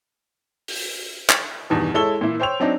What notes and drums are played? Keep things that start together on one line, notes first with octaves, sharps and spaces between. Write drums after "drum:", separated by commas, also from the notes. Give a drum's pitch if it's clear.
drum: open hi-hat
drum: clap
E2 G2 B2 D#3 E3
G#3 E4 A4 C#5 E6 G7
A#2 E3 A#3 E4
C5 C#5 G5 E6 F7
F#3 C4 D4 D#4